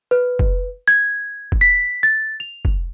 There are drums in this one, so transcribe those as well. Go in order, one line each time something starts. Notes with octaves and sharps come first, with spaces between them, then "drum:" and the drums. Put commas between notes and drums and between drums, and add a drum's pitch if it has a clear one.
B4
drum: kick
G#6
drum: kick
B6
A6
F7
drum: kick